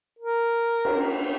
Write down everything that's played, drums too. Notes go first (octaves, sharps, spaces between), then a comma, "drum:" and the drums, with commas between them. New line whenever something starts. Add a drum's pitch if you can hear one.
A#4
drum: cymbal